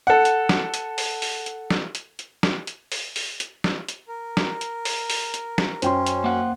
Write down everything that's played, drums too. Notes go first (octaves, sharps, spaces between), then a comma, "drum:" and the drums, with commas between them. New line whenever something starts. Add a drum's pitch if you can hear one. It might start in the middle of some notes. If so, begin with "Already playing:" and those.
A4 F#5
drum: hi-hat
drum: snare
drum: hi-hat
drum: open hi-hat
drum: open hi-hat
drum: hi-hat
drum: snare
drum: hi-hat
drum: hi-hat
drum: snare
drum: hi-hat
drum: open hi-hat
drum: open hi-hat
drum: hi-hat
drum: snare
drum: hi-hat
A#4
drum: snare
drum: hi-hat
drum: open hi-hat
drum: open hi-hat
drum: hi-hat
drum: snare
F#2 F#3 C#4 C5 G5 C6, drum: hi-hat
drum: hi-hat
A#3 F#5